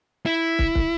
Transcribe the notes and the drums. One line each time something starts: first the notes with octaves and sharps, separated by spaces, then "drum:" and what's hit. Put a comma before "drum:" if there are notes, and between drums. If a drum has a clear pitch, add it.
E4
drum: kick
drum: kick